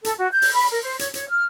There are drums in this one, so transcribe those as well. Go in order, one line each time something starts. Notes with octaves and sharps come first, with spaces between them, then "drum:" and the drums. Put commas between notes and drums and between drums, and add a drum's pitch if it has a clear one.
A4, drum: hi-hat
F#4
G6
drum: open hi-hat
B5
A#4
C5
C#5, drum: hi-hat
C#5, drum: hi-hat
F6